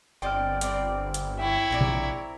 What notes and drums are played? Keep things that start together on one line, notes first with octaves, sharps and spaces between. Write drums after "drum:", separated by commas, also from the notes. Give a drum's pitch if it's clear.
G1 C4 D5 D#5 G5 F6
G3 C4 D5, drum: hi-hat
drum: hi-hat
E4 C#5 G5
A#1 C4 A#4 D5
drum: tom B2